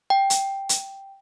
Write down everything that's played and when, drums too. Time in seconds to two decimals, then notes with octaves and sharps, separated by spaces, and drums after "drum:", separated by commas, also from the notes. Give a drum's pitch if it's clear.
0.10 G5
0.30 drum: hi-hat
0.69 drum: hi-hat